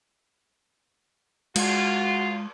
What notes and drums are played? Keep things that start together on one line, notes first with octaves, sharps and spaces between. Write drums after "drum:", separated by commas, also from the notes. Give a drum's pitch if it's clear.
G#3 F4 F#4, drum: cymbal